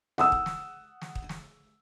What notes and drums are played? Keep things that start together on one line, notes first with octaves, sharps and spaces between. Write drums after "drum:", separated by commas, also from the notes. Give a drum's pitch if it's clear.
F#5 D#6 E6, drum: snare
drum: kick
drum: snare
drum: snare
drum: kick
drum: snare